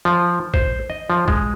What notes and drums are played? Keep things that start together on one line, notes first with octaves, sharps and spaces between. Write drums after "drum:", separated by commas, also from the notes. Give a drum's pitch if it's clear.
F3
C5, drum: kick A1
D#5
F3
G#3, drum: kick A1